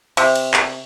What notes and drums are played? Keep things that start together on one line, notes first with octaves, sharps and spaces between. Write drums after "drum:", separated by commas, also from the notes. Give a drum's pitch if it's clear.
C3, drum: cymbal
drum: cymbal
drum: clap